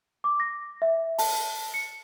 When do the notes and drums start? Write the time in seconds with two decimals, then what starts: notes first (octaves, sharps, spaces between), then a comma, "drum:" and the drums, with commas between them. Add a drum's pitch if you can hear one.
0.24 D6
0.40 A#6
0.82 E5
1.18 A5, drum: open hi-hat
1.74 C#7